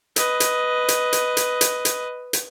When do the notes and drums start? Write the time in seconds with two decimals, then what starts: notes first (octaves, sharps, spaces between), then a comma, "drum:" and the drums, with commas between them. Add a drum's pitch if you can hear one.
0.16 B4 D#5, drum: hi-hat
0.40 drum: hi-hat
0.88 drum: hi-hat
1.13 drum: hi-hat
1.37 drum: hi-hat
1.61 drum: hi-hat
1.85 drum: hi-hat
2.33 drum: hi-hat